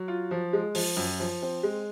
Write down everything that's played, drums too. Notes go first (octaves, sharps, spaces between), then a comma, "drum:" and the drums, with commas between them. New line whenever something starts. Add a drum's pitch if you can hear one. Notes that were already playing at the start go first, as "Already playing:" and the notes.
Already playing: F#3
F4
F3
G#3
F3, drum: open hi-hat
F#2
F3
C4
G#3